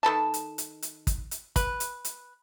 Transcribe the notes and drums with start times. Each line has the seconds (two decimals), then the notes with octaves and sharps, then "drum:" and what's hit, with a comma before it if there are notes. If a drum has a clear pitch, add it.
0.03 D#3 A4 B4 A5
0.34 drum: hi-hat
0.58 drum: hi-hat
0.82 drum: hi-hat
1.07 drum: kick, hi-hat
1.31 drum: hi-hat
1.56 B4, drum: kick, hi-hat
1.80 drum: hi-hat
2.05 drum: hi-hat